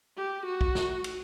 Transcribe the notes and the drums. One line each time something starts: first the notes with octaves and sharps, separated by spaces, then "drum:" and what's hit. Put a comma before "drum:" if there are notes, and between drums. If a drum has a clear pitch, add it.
G4
F#4
drum: kick
drum: snare
drum: cymbal